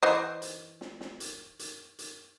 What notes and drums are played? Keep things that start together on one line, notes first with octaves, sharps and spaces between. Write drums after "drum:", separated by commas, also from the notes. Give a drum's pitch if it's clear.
E3 C5 D#5
drum: hi-hat
drum: snare
drum: snare
drum: hi-hat
drum: hi-hat
drum: hi-hat